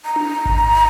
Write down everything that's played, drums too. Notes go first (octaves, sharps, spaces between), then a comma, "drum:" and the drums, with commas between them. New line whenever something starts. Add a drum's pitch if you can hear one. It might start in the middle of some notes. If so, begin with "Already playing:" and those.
A#5
drum: tom D4
drum: kick G#1